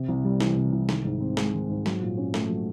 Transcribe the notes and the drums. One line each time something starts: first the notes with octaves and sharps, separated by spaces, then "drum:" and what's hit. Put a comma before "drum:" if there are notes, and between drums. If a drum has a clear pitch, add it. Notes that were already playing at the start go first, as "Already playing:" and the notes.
Already playing: C3
C2
G3
E3, drum: snare
C3
C2
D#3, drum: snare
G#2
C4
G#3, drum: snare
D#3
G#2
F#3, drum: snare
A#2
C#4
A3, drum: snare
F#3